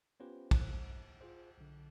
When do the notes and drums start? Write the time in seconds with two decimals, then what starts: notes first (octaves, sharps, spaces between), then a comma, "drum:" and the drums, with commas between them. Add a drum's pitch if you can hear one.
0.20 B3 C#4 F4 G4 B4 C5
0.51 C#2 A#3 F#6, drum: kick, cymbal
0.82 G2
1.21 F4 G#4 C5
1.58 B1 D3